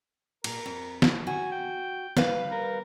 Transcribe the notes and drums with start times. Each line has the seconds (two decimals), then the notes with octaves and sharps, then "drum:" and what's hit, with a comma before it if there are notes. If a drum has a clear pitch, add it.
0.44 A#2 A#4, drum: cymbal
0.66 F2
1.02 drum: snare
1.27 F#4 G#5
1.52 G5
2.17 G3 B4 F5, drum: snare
2.51 A#4